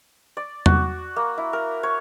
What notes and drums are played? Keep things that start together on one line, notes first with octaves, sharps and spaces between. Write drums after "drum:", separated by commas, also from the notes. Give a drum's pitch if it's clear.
D5
F#4, drum: tom E2
A#3
E4
A#4
C#5